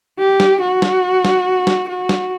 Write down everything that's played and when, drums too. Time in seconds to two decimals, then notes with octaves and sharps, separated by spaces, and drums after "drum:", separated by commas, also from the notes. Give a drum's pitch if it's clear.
0.19 G4
0.40 drum: snare
0.60 F#4
0.82 drum: snare
1.25 drum: snare
1.67 drum: snare
1.88 F#4
2.09 drum: snare